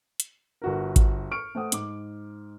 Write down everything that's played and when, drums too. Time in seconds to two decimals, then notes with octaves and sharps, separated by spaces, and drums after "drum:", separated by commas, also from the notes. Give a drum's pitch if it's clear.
0.20 drum: hi-hat
0.62 G1 F#4 A#4
0.96 drum: kick G#1, hi-hat
1.31 C#6 F6 D7
1.55 A3 C5 F#5 D#6
1.72 G#2 D6, drum: hi-hat